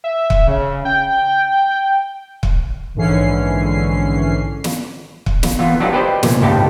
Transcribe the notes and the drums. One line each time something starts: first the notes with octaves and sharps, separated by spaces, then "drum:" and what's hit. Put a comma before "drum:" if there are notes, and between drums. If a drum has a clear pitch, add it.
E5
drum: kick
C#3
G5
drum: kick
A#1 G#2 D3 E3 C#4 C7
drum: snare
drum: kick
drum: snare
E3 B3 F4
F#3 B3 D4 D#4 F4 G4
G4 B4 C5 D5 D#5
C2 A#2, drum: snare
G1 C#2 A2 D#4 G4 A5